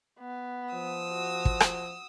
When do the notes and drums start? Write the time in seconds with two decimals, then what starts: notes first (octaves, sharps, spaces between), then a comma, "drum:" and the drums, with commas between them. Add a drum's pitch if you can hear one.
0.20 B3
0.74 F3 D#6 E6
1.10 F#4
1.45 drum: kick
1.60 drum: rim click